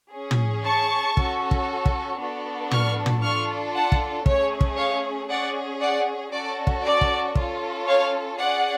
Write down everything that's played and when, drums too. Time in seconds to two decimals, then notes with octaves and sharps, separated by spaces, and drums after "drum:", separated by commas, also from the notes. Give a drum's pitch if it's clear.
0.13 C#4 G#4
0.31 drum: tom
0.65 A5 C#6
1.17 C#4 F#4 A4, drum: kick
1.51 drum: kick
1.86 drum: kick
2.20 B3 D4 F#4 A4
2.71 C#6 F6, drum: tom
3.06 drum: tom
3.23 D4 F4 A4 C#6 F6
3.75 F#5 A5
3.92 drum: kick
4.26 A3 C#4 G#4 C#5, drum: kick
4.61 drum: kick
4.77 C#5 F5
5.29 C#4 G#4 D5 F#5
5.81 D5 F#5
6.32 C#4 F#4 A4 D5
6.67 drum: kick
6.84 D5
7.01 drum: kick
7.35 C#4 F4 A4, drum: kick
7.87 C#5 F5
8.39 C#4 G#4 D5 F#5